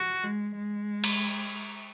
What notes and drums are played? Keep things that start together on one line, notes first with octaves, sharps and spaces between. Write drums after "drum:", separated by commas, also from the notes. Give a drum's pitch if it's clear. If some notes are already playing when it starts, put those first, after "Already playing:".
Already playing: F#4
G#3
G#3
drum: cymbal